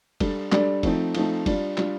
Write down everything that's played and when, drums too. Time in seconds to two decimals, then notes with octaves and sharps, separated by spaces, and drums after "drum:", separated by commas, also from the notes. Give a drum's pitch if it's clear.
0.20 G3 D4 A4, drum: kick, cymbal
0.52 G3 D4 A4, drum: clap
0.83 F3 A3 C4 D#4, drum: kick, cymbal
1.15 F3 A3 C4 D#4, drum: cymbal
1.46 G3 D4 F4, drum: kick, cymbal
1.78 G3 D4 F4, drum: clap